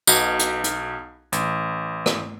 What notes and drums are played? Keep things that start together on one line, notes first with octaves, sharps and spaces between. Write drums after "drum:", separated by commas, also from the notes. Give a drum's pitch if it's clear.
B1 B2, drum: tambourine
drum: hi-hat
drum: hi-hat
A1, drum: hi-hat
drum: rim click